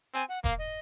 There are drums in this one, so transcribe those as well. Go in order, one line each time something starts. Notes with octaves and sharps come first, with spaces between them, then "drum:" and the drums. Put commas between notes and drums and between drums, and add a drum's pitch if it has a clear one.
C4 G#5, drum: hi-hat
F#5
A#3 F5, drum: kick E1, hi-hat
D#5